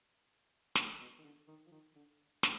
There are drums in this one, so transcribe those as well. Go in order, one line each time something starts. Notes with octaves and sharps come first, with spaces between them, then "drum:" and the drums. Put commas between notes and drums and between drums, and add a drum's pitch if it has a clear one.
A#2, drum: snare
B2
D#3
D3
D#3
F3
D#3
D3
D3, drum: snare